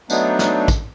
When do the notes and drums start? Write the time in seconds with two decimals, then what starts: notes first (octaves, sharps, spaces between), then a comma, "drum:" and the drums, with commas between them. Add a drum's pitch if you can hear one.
0.10 F#3 A3 B3 D4 D#4, drum: tambourine
0.39 drum: snare
0.68 drum: kick A1, tambourine